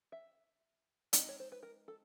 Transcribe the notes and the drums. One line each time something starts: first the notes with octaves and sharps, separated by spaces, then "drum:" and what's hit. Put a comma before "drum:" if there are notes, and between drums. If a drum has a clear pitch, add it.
E5
G#3 C4 D#4 D#5, drum: hi-hat
C#5
C5
B4
A#4
A4